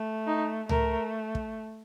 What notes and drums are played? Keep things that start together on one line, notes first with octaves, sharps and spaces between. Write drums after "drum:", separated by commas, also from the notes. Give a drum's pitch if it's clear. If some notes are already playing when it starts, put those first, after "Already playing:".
Already playing: A3
D#4
A3 A#4, drum: tom C#2
drum: kick